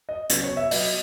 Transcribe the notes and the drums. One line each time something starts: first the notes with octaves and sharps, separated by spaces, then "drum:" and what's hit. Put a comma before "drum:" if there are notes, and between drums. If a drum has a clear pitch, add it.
D#5
C#3 F#3 B3, drum: hi-hat
C#5
E5
B2 F#3 B3 D#5, drum: open hi-hat